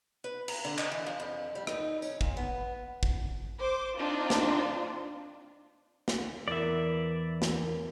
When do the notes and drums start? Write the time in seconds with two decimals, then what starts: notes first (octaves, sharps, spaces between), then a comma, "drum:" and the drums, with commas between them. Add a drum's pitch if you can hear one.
0.24 B4
0.48 A#5, drum: cymbal
0.65 D3
0.78 D#5, drum: clap
0.92 E3
1.06 F3
1.20 F2
1.55 G3
1.67 D#4, drum: rim click
2.02 C#4, drum: tambourine
2.21 A#2, drum: kick
2.37 B3
3.03 drum: kick
3.59 C5 D6
3.97 C4 D4 D#4 F4
4.30 drum: snare
6.08 drum: snare
6.48 E2 E3 A#4 D5 E5
7.42 drum: snare